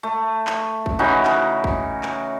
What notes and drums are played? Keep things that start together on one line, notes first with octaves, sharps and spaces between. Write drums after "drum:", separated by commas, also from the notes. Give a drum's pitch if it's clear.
A3
drum: clap
drum: kick
C#3 E3 D#4 F#4
drum: clap
drum: kick
drum: clap